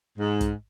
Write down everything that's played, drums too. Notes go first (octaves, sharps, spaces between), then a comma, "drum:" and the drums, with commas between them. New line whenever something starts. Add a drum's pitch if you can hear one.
G#2
drum: kick, hi-hat